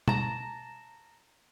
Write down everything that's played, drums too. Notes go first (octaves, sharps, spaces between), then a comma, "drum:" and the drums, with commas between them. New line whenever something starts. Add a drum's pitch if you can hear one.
A5 A#5, drum: tom